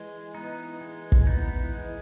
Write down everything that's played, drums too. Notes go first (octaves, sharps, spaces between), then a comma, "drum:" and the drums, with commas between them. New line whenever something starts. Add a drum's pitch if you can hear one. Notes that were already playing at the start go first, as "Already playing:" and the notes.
Already playing: E3 G#3
E3 B3 D#4
G#3
drum: kick
B3 D#4
G#3